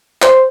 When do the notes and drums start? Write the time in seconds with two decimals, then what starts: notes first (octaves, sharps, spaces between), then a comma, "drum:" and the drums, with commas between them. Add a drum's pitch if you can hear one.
0.22 C5, drum: clap